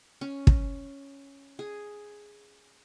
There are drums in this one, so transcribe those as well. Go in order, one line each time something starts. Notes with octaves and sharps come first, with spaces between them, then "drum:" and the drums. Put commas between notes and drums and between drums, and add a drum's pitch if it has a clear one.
C#4
drum: kick
G#4